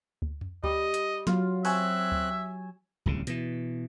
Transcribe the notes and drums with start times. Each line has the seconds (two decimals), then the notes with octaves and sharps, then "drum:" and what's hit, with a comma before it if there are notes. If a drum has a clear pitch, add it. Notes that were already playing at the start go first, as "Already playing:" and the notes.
0.22 drum: kick D2
0.41 drum: tom F2
0.64 G3 D#5, drum: kick D2
0.94 drum: hi-hat
1.27 F#3 F4, drum: snare
1.65 C4 E5 G#5 C#6 E6 F#6, drum: open hi-hat
2.12 drum: kick D2
3.06 D1 C2 C#3, drum: kick D2
3.27 B2 E3, drum: hi-hat